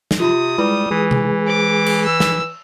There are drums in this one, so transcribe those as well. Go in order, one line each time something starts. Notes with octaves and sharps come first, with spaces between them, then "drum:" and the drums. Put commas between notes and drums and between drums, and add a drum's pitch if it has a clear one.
drum: snare
C3 F4 B5 D#6
G3 G#3 E4 B4 B5
E3 G#3 G#4
drum: tom C3
C5 D6
drum: cymbal
E6
drum: snare